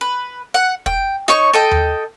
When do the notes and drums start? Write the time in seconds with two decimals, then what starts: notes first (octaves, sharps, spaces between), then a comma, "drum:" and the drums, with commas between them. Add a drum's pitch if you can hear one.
0.01 B4
0.54 F#5
0.86 G5, drum: kick
1.28 D#4 C#5 C#6, drum: snare
1.53 A4 D#5 G5
1.71 drum: tom D#2